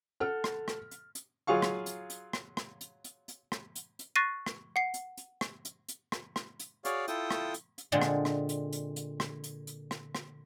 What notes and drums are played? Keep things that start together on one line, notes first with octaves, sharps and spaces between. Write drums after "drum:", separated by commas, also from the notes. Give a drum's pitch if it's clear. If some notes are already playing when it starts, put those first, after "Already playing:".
A4 F#5 F6
drum: rim click
drum: rim click
drum: hi-hat
drum: hi-hat
F#3 F4 G#4 F5 C#6
drum: rim click
drum: hi-hat
drum: hi-hat
drum: rim click
drum: rim click
drum: hi-hat
drum: hi-hat
drum: hi-hat
drum: rim click
drum: hi-hat
drum: hi-hat
C#6 F#6 A6 A#6 C7 D#7
drum: rim click
F#5 C7
drum: hi-hat
drum: hi-hat
drum: rim click
drum: hi-hat
drum: hi-hat
drum: rim click
drum: rim click
drum: hi-hat
F#4 G#4 C#5 D5 F5, drum: hi-hat
E4 F4 A4 G5 D#6, drum: hi-hat
drum: rim click
drum: hi-hat
drum: hi-hat
A#2 D3 G#3 C4
drum: rim click
drum: rim click
drum: hi-hat
drum: hi-hat
drum: hi-hat
drum: rim click
drum: hi-hat
drum: hi-hat
drum: rim click
drum: rim click